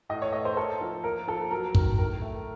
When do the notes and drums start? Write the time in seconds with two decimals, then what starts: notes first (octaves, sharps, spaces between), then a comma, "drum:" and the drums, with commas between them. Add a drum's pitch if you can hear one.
0.10 A2 D#5
0.22 C#5
0.33 A3 D#5
0.45 C5
0.57 A#3 A4
0.81 F3
1.04 A#3 A#4
1.27 F3 A4
1.51 F#3 A#4
1.75 D#3 A#4, drum: kick
1.98 A2 A#4
2.22 A3